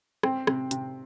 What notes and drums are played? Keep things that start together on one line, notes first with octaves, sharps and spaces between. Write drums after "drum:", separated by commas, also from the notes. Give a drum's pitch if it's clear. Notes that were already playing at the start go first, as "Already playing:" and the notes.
C4, drum: rim click
C3, drum: rim click
C3, drum: hi-hat